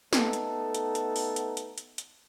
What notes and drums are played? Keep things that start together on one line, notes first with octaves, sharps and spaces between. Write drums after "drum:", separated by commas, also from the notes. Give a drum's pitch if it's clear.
A3 B3 D#4 A4, drum: snare
drum: hi-hat
drum: hi-hat
drum: hi-hat
drum: open hi-hat
drum: hi-hat
drum: hi-hat
drum: hi-hat
drum: hi-hat